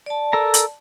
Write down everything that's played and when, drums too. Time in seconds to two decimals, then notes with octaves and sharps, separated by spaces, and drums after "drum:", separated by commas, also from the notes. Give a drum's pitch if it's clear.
0.06 D5 A5
0.33 A4 A#4 A#5
0.54 drum: hi-hat